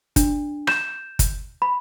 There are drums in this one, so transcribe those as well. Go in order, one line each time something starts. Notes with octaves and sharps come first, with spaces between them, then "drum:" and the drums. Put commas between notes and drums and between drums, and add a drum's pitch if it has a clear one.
D4, drum: kick, hi-hat
G6 E7, drum: rim click
drum: kick, hi-hat
B5